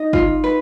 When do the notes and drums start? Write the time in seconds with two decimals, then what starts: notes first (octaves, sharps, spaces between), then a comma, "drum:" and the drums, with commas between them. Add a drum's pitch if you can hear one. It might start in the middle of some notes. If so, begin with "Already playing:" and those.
Already playing: D#4 D#5
0.13 F4, drum: kick
0.44 B4